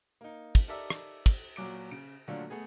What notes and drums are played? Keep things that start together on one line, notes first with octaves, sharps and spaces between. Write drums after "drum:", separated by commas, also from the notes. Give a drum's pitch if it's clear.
A#3 D#4
drum: kick, cymbal
D#4 G4 A4 A#4 D5 E5
drum: rim click
drum: kick, cymbal
A#2 F#3 D6 D7
C#3 D7
A#2 D3 F#3 A3 D4 F4
A3 B3 G#4